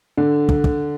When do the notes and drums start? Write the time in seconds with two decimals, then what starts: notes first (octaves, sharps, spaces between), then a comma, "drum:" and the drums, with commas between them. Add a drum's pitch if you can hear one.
0.17 D3
0.49 drum: kick
0.64 drum: kick